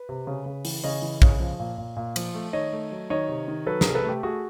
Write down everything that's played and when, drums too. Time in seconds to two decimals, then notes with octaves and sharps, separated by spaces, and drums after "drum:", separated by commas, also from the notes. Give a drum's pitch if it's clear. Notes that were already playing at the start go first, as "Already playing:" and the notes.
Already playing: B4
0.09 C3
0.27 C#3
0.46 C#3
0.65 E3, drum: open hi-hat
0.84 C#3 C#5 D#5
1.02 E3
1.22 C#3, drum: kick A#1
1.40 F3
1.59 A#2
1.78 A#2
1.96 A#2
2.16 F3, drum: cymbal
2.34 A3
2.53 D#3 C#5 D#5
2.73 A3
2.92 F#3
3.10 D#3 C#5 D#5
3.29 C3
3.48 D#3
3.66 F#3 A4 B4
3.81 C3 G#4 A#4, drum: snare
3.95 A4 B4
4.05 A3 G4
4.23 A3 F#4 G#4